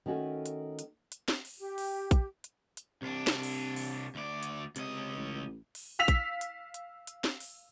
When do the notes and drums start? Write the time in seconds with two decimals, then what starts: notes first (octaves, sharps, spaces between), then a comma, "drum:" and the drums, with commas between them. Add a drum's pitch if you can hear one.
0.06 D#3 A3 C#4 F#4
0.46 drum: hi-hat
0.79 drum: hi-hat
1.12 drum: hi-hat
1.28 drum: snare
1.45 drum: open hi-hat
1.58 G4
1.78 drum: open hi-hat
2.11 drum: kick, hi-hat
2.44 drum: hi-hat
2.77 drum: hi-hat
3.02 C2 C3 D4
3.27 drum: snare
3.43 drum: open hi-hat
3.77 drum: open hi-hat
4.15 D2 D5
4.43 drum: hi-hat
4.76 C#2 C3 D#5, drum: hi-hat
5.16 A1
5.75 drum: open hi-hat
5.99 F5 E6 B6 F7
6.08 drum: kick, hi-hat
6.41 drum: hi-hat
6.74 drum: hi-hat
7.07 drum: hi-hat
7.24 drum: snare
7.41 drum: open hi-hat